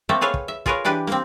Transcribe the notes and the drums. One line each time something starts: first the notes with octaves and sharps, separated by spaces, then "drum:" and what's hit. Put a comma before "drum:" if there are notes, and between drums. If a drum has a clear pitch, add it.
A3 A#3 C4 A4 E5
G#4 A4 B4 C#5 F5
drum: kick
E5
F4 G#4 A#4 B4 C#5, drum: kick
E3 D4 G4 B4
A#3 C4, drum: snare